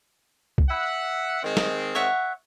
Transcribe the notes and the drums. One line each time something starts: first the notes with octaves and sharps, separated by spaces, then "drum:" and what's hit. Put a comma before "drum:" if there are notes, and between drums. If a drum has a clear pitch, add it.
drum: kick C2
E5 F#5
D#3 G#3 C4
drum: snare
C#5 E5 F#5